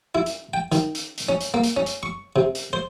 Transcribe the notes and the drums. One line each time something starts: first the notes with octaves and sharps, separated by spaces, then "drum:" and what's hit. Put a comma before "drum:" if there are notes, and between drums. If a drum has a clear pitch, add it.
E4
drum: hi-hat
G5
D#3, drum: hi-hat
drum: hi-hat
drum: hi-hat
C#4
drum: hi-hat
A#3
drum: hi-hat
C#4
drum: hi-hat
C#6
C3
drum: hi-hat
C5